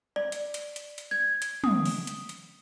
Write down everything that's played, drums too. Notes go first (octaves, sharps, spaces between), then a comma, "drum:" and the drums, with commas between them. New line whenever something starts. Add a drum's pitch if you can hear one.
D5
drum: hi-hat
drum: hi-hat
drum: hi-hat
drum: hi-hat
G#6
drum: hi-hat
D#6, drum: tom
drum: open hi-hat
drum: hi-hat
drum: hi-hat